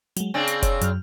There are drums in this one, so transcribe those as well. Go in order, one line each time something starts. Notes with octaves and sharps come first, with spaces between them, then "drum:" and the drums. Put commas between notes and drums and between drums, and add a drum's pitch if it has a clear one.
F#3 G#3, drum: hi-hat
C#3 C4 D4 G#5
drum: hi-hat
C#5, drum: kick F1, hi-hat
F#2 F6, drum: hi-hat